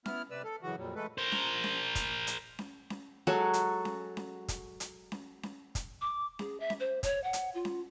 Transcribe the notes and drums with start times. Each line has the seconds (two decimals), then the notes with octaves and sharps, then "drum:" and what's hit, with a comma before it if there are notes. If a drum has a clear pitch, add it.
0.06 B3 E4 F6, drum: snare C#4
0.31 C3 B4 D5 E6
0.44 A4
0.63 F#2 C#3 E3 F#4
0.77 F2 A#2 F#3 G3
0.95 E3 G#3 A3 A4 B4
1.18 A#4 C5
1.32 drum: snare C#4
1.64 drum: snare C#4
1.95 drum: kick, hi-hat
2.27 drum: hi-hat
2.59 drum: snare C#4
2.90 drum: snare C#4
3.27 F#3 G#3 F#4 A4
3.54 drum: hi-hat
3.85 drum: snare C#4
4.17 drum: snare C#4
4.48 drum: kick, hi-hat
4.80 drum: hi-hat
5.12 drum: snare C#4
5.43 drum: snare C#4
5.75 drum: kick, hi-hat
6.01 D6
6.39 G#4, drum: snare C#4
6.60 E5
6.70 drum: snare C#4
6.80 C5
7.03 C#5, drum: kick, hi-hat
7.24 F#5
7.33 drum: hi-hat
7.54 F4
7.65 drum: snare C#4